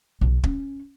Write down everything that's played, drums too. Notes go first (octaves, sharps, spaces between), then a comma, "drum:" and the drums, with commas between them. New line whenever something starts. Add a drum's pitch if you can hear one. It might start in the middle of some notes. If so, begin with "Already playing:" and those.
B1
C#4, drum: kick